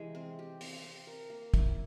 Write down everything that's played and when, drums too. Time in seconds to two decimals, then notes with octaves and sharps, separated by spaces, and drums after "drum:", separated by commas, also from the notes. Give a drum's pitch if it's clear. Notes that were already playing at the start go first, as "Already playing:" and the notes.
Already playing: C3 E3 G#3
0.15 C4
0.39 G4
0.61 C4, drum: open hi-hat
0.84 C4
1.07 A#4
1.30 A#3
1.54 E4, drum: kick, hi-hat